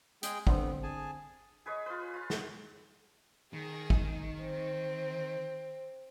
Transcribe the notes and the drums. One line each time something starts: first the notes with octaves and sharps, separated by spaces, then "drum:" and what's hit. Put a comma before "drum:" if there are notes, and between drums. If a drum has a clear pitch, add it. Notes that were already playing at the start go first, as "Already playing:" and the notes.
G#3 G#4 G5, drum: hi-hat
D3 B3 C4, drum: kick
G#4 G#5 A5
G#4 B4 C#5 D#5
F4 B4
F4
drum: snare
D#3 G#4
drum: kick
C4